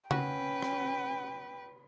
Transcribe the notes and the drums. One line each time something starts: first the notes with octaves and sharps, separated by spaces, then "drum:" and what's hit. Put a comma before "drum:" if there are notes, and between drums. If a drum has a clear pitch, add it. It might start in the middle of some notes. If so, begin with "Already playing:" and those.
C#4 F#4 B4 G5, drum: tom C#3
drum: rim click